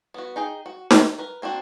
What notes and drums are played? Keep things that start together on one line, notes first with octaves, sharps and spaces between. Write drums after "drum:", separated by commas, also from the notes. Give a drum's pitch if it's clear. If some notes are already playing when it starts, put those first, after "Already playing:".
B3 F#4
D#4 G#4 G5
F#4
D#3, drum: snare
A#4 B4
A#3 C4 D4 F#4